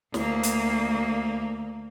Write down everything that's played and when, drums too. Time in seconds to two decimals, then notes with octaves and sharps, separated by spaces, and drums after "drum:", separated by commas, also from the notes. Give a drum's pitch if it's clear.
0.14 D2 A#3, drum: snare
0.43 drum: hi-hat